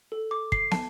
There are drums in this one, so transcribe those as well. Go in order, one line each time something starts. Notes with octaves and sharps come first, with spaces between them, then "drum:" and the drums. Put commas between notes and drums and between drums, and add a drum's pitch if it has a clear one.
A4
D6
C7, drum: kick
A5, drum: snare